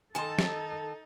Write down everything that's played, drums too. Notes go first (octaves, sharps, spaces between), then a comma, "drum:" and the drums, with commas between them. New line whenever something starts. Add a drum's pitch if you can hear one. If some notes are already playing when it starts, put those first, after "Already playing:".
D#3 D#4 A4 G#5 A5 C6
drum: snare